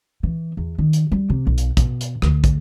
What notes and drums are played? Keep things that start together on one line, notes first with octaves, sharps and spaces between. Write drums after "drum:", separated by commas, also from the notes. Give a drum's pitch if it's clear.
E3
E2
D#3
drum: hi-hat
G3
C3
B1
drum: hi-hat
B2, drum: kick, hi-hat
drum: hi-hat
D2, drum: rim click
drum: kick, hi-hat